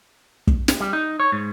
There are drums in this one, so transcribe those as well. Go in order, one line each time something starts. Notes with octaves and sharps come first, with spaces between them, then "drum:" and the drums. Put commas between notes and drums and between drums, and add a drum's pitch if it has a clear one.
drum: kick
drum: snare
G3
D#4
C#5
G#2